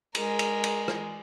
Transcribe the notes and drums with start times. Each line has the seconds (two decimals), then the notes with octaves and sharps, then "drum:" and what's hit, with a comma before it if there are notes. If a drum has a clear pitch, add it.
0.15 G#3 A#4, drum: cymbal
0.39 drum: cymbal
0.64 drum: cymbal
0.88 drum: rim click